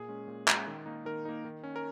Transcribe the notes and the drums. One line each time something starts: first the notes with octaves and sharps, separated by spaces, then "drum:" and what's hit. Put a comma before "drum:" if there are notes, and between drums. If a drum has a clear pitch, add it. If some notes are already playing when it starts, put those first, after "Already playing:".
Already playing: A#2 G#4
G#3 C#4
A#2
G#3 C#4, drum: clap
D#3
A#3 D#4
D#3 A#4
A#3 D#4
D#3
C#4
A#4